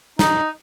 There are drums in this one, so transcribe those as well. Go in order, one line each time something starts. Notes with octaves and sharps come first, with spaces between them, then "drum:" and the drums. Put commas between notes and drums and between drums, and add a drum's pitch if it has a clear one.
D#4, drum: snare